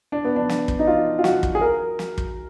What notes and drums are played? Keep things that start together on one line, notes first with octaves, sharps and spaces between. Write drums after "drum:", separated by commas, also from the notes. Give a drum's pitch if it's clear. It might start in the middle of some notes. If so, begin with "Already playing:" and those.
D4
B3
D4
drum: snare
drum: kick
D#4
F4
F4
F#4, drum: snare
drum: kick
G#4
A#4
drum: snare
drum: kick